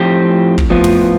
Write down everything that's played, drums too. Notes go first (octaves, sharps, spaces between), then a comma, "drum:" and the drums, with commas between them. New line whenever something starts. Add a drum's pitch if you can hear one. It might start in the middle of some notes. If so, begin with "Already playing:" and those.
Already playing: A2 F3 C4 G4
drum: kick
A2 F3 B3 F4
drum: tom